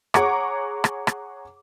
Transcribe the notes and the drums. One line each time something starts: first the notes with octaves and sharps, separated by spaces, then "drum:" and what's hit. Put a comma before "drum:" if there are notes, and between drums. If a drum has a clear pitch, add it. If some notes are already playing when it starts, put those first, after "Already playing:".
G#4 C#5 F#5 A#5 C#6 D6, drum: rim click
drum: rim click
drum: rim click